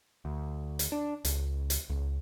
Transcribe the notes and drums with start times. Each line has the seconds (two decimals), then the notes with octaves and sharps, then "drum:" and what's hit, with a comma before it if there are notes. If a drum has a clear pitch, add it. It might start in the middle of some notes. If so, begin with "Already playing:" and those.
0.25 D2
0.79 drum: hi-hat
0.92 D4
1.25 C#2, drum: hi-hat
1.70 drum: hi-hat
1.90 C#2